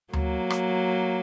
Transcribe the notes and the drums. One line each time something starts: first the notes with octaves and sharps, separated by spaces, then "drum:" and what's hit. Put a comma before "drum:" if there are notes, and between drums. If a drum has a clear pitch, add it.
F#3 A#3, drum: tom D2
drum: rim click